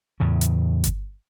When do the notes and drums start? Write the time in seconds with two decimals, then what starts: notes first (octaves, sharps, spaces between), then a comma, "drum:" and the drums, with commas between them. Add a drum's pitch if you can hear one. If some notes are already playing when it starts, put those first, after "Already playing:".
0.20 E2 A2 C#3
0.41 drum: hi-hat
0.84 drum: kick G1, hi-hat